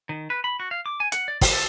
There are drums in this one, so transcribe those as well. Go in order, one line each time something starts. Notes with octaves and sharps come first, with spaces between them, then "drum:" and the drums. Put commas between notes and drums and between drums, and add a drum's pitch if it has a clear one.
D#3
B4
B5
F#4
F5
D6
G#5
F#5, drum: hi-hat
D5
G3, drum: kick, open hi-hat
A4